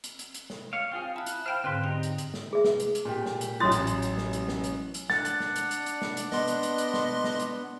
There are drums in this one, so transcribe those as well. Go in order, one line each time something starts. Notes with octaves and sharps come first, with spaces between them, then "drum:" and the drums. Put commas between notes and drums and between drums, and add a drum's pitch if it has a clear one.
drum: hi-hat
drum: hi-hat
drum: hi-hat
drum: snare
C#5 F5
C4 F4 G#4
E4 F#5 A5 F6
drum: hi-hat
C5 F5 G5 A5 B5 F6
G#2 D3 C4 B4 C6
C4 D#4 G4 G5
drum: hi-hat
drum: hi-hat
drum: snare
G#4 E5
drum: snare
drum: hi-hat
drum: hi-hat
A#2 G4
drum: snare
drum: hi-hat
A1 F#3 F4 C6 D#6 A6
drum: hi-hat
drum: hi-hat
drum: hi-hat
drum: snare
drum: hi-hat
drum: snare
drum: hi-hat
drum: hi-hat
D4 F#5 A6, drum: snare
drum: hi-hat
drum: snare
drum: hi-hat
drum: hi-hat
drum: hi-hat
drum: snare
drum: hi-hat
B3 D#5 C6, drum: snare
drum: hi-hat
drum: hi-hat
drum: hi-hat
drum: snare
drum: snare
drum: hi-hat